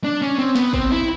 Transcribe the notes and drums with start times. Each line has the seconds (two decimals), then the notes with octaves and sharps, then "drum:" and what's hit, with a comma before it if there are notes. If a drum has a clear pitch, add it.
0.04 D4
0.22 C#4
0.39 C4
0.56 B3, drum: snare
0.74 C4, drum: kick
0.91 E4